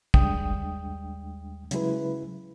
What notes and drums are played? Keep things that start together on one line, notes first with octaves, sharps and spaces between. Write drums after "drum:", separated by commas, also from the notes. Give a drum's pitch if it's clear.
D#2 G3 G#3 D4 G5 D#6, drum: kick
C#3 F#3 G#3 E4 B4, drum: hi-hat